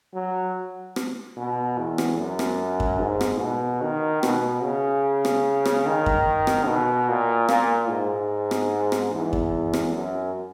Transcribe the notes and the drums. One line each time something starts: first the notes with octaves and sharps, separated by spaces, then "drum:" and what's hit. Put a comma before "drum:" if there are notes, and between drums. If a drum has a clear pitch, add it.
F#3
drum: rim click
B2
E2
drum: rim click
F#2
drum: rim click
drum: kick F#2
G#2
drum: rim click
B2
D#3
B2, drum: rim click
C#3
drum: rim click
drum: rim click
D#3
drum: kick F#2
drum: rim click
B2
A#2
A#2, drum: rim click
G#2
drum: rim click
drum: rim click
E2
drum: kick F#2
drum: rim click
F#2